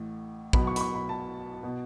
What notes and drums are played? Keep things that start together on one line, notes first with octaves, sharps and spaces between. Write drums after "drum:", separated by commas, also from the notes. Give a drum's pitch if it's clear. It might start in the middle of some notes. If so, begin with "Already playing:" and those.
Already playing: A1 A2
B1 B2 B5, drum: kick
C#6
B5, drum: hi-hat
C#6
B5
A5
B2